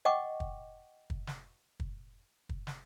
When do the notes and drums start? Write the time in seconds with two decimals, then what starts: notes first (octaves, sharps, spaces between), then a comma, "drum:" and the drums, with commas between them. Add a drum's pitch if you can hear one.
0.05 D#5 F#5 G5 C#6 D6
0.40 drum: kick
1.10 drum: kick
1.27 drum: snare
1.80 drum: kick
2.49 drum: kick
2.67 drum: snare